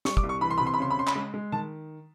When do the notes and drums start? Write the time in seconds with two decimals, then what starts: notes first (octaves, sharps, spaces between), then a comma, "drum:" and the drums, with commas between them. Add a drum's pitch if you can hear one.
0.05 G3 C#6, drum: snare
0.17 D6, drum: kick
0.23 C2
0.29 C#6
0.41 E3 B5
0.50 C6
0.58 C3 B5
0.67 C6
0.74 B5
0.79 C#3 C6
0.90 B5
0.97 C#3 C6
1.07 B5, drum: clap
1.15 G#3
1.34 G#3
1.52 D#3 A5